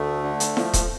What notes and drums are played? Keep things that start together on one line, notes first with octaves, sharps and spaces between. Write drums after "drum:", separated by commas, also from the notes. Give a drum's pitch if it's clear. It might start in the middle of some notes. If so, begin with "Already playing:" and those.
Already playing: D2 A3
D3
drum: hi-hat
F3, drum: snare E4
drum: kick D#1, hi-hat